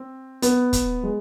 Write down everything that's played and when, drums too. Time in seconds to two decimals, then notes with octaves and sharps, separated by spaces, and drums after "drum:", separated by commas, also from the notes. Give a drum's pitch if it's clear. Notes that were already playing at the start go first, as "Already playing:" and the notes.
Already playing: C4
0.42 B3, drum: hi-hat
0.73 drum: kick, hi-hat
1.03 G#3